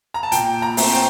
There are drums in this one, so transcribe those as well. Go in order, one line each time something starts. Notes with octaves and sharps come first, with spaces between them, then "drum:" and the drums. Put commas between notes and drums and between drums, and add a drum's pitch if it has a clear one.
A#5
A5
A#2 G5, drum: hi-hat
A#5
A3 C4, drum: open hi-hat
G5